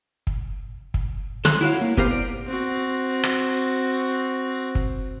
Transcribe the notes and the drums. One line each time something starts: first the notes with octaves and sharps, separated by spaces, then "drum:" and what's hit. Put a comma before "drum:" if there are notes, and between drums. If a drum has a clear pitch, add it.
drum: kick
drum: kick
A4 C6 F#6, drum: snare
E4 F#4 C#5 F5
A#3
B3 G4 A#4 C5 F5, drum: kick
D5
C4 F#4
drum: rim click
drum: kick